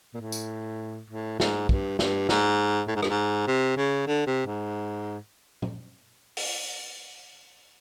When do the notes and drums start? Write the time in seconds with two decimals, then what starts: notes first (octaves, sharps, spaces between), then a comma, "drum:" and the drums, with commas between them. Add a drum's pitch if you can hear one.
0.14 A#2
0.21 A2
0.32 drum: tambourine
1.10 A2
1.40 G#2, drum: snare
1.69 G2, drum: kick
1.99 G2, drum: snare
2.29 G#2, drum: snare
2.88 A2
2.96 G#2
3.02 G2, drum: rim click
3.10 G#2
3.47 C3
3.77 C#3
4.07 D3
4.26 C3
4.46 G#2
5.62 drum: tom
6.37 drum: open hi-hat